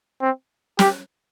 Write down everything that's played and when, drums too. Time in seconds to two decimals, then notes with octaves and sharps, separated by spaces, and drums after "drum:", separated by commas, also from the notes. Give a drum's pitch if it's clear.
0.21 C4
0.79 G4, drum: snare